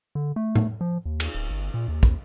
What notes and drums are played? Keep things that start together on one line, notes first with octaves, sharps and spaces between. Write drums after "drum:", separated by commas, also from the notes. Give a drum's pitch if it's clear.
D3
A3
drum: tom A2
F3
D#2
drum: cymbal
D1
G1
A#2
D#2
drum: kick